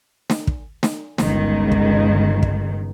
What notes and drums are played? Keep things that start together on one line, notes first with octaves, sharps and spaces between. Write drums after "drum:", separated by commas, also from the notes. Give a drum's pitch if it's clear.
drum: snare
drum: kick
drum: snare
G1 C#2 D#3, drum: snare
drum: kick
drum: kick